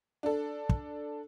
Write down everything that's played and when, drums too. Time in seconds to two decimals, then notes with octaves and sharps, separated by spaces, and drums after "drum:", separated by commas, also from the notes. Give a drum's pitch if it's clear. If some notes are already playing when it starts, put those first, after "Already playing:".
0.23 D4 A4
0.69 drum: kick